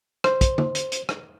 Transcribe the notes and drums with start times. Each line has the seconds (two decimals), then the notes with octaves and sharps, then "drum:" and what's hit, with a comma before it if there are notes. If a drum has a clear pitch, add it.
0.24 C5, drum: rim click
0.41 drum: kick, hi-hat
0.58 drum: tom D3
0.75 drum: hi-hat
0.92 drum: hi-hat
1.09 drum: rim click